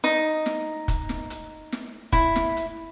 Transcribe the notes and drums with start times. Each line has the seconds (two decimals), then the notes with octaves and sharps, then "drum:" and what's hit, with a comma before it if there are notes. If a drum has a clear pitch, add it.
0.04 D#4, drum: hi-hat
0.46 drum: snare
0.88 drum: kick, hi-hat
1.09 drum: snare
1.30 drum: hi-hat
1.72 drum: snare
2.12 E4, drum: kick, hi-hat
2.36 drum: snare
2.57 drum: hi-hat